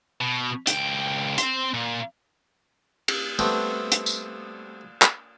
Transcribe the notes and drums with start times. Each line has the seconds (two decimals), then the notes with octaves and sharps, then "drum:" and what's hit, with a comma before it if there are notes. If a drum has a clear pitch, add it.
0.21 B2
0.67 C#2 G5, drum: hi-hat
1.38 C4 C5, drum: hi-hat
1.74 A#2
3.08 drum: cymbal
3.39 G3 A3 B3 C4 D4
3.92 drum: hi-hat
4.06 drum: tambourine
5.02 drum: clap